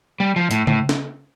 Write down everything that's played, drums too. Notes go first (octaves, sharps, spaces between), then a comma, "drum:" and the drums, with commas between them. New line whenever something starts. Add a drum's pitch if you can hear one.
G3
F3
A2, drum: hi-hat
A2, drum: tom C#3
drum: snare